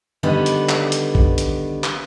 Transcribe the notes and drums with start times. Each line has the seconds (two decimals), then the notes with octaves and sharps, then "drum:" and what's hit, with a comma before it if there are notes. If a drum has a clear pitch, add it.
0.23 D3 D#3 G3 B3 B4
0.46 drum: hi-hat
0.69 drum: clap
0.92 drum: hi-hat
1.15 drum: kick A1
1.38 drum: hi-hat
1.84 drum: clap